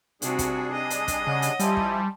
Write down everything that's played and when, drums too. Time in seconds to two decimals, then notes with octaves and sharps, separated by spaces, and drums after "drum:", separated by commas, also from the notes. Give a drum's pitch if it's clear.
0.22 C3 G3 D4 D#4 F#4 G#4, drum: hi-hat
0.39 drum: kick, hi-hat
0.73 D#5
0.90 drum: hi-hat
1.08 drum: kick, hi-hat
1.27 C#3 C#5 F#5
1.42 drum: hi-hat
1.59 F3 G3 E4 G#5 A5 C6, drum: hi-hat
1.77 drum: kick